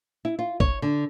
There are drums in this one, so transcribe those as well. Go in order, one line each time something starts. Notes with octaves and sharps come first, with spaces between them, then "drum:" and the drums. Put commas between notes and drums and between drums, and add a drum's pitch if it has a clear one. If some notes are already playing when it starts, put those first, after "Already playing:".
E4
F4
C#5, drum: kick
D3